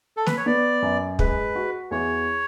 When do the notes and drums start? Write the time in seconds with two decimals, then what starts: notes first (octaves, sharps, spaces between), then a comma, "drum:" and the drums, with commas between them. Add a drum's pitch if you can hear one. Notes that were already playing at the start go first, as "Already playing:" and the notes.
0.17 A4
0.26 B4, drum: snare
0.37 C#5
0.46 B3 D5
0.82 F#2
1.19 G#3 B4, drum: kick
1.56 F#4
1.91 E2 C#5